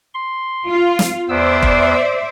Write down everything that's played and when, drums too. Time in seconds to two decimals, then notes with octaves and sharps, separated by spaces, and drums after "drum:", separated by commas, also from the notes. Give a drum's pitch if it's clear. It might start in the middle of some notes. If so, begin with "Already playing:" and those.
0.14 C6
0.68 F4
0.99 drum: snare
1.29 E2 B3 C5 D5 E5 E6
1.62 drum: kick F1